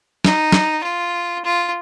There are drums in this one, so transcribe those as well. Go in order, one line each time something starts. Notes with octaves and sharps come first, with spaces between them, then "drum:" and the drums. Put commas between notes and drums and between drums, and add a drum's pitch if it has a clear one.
D#4, drum: snare
drum: snare
F4
F4